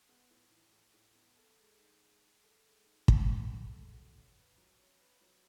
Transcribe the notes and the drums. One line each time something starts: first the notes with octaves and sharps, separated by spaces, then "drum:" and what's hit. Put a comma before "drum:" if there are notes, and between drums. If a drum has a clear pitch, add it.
B3
A2
E3
A2
A2
B3
A4
G#3
D#4
G#3
G#3
A4
G#3
D#4
D#4, drum: kick
A4
G#3
A4
F#4
C#4
B4
F#3
C#4
B4
F#3